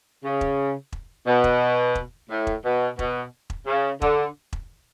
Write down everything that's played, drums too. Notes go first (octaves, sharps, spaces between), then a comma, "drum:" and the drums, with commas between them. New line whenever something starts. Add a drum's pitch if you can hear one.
C#3
drum: kick E1
drum: kick E1
B2
drum: kick E1
drum: kick E1
A2
drum: kick E1
B2
B2, drum: kick E1
drum: kick E1
C#3
D3, drum: kick E1
drum: kick E1